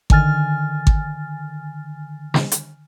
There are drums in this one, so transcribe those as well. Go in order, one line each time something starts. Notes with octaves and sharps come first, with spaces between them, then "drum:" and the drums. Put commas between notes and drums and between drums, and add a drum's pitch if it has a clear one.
D3 D#3 G#5 F6 A6, drum: kick G#1
drum: kick G#1
drum: snare
drum: hi-hat